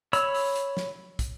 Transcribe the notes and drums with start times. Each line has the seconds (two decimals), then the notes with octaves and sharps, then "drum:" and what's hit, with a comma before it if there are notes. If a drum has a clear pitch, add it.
0.13 C#5 B5 E6, drum: hi-hat
0.34 drum: open hi-hat
0.56 drum: hi-hat
0.77 drum: snare
1.19 drum: kick, hi-hat